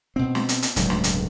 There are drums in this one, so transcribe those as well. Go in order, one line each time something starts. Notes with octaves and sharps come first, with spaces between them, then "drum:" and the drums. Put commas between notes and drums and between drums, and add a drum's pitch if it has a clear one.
B2 C4
drum: snare
drum: hi-hat
drum: hi-hat
D1 C#2 G2 F#3, drum: hi-hat
drum: snare
drum: hi-hat